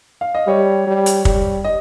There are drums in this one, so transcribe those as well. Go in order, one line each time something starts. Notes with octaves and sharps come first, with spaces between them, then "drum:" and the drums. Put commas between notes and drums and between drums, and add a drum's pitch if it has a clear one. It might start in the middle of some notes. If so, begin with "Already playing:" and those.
F5
D#5
G3 C#5
G3
drum: hi-hat
G3, drum: kick
D#5